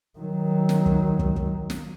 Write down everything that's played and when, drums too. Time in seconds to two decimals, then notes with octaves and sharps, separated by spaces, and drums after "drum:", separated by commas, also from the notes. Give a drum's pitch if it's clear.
0.19 D#3 F#3
0.69 drum: snare
0.86 drum: kick
1.19 drum: kick
1.36 drum: kick
1.70 drum: snare